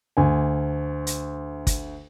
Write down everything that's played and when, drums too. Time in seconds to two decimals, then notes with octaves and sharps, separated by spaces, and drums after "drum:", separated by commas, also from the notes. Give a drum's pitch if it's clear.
0.17 D2 G#5
1.07 drum: hi-hat
1.67 drum: kick, hi-hat